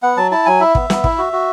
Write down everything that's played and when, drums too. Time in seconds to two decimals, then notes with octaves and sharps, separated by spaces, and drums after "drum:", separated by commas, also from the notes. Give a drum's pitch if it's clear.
0.03 B3 F#5
0.17 F#3 A5
0.31 E4 A5
0.46 F#3 G#5
0.60 E4 E5
0.75 B3, drum: kick
0.90 B3, drum: snare
1.04 E4, drum: kick
1.18 F#4
1.33 F#4